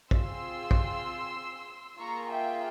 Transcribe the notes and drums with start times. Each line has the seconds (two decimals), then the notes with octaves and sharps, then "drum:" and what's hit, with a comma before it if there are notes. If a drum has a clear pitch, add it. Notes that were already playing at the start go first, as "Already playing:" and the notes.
0.11 C4 F4 G#4 C6 E6, drum: kick
0.71 drum: kick
1.99 A#3 F4 G#4 A#5 C#6
2.30 E5 G5